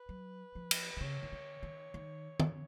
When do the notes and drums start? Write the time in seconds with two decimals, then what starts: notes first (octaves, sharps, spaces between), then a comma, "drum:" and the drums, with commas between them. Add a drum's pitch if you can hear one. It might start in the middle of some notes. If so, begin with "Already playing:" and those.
Already playing: B4
0.09 F#3
0.55 F3
0.71 drum: cymbal
0.97 D3
1.01 C#3 C#5
1.22 D#3
1.32 D3
1.63 D#3
1.94 D#3
2.40 D3, drum: tom